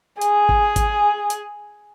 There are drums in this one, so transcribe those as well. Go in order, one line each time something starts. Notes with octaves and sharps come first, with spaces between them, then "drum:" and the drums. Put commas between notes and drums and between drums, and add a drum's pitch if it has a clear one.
G#4, drum: hi-hat
drum: kick G#1
drum: kick G#1, hi-hat
drum: hi-hat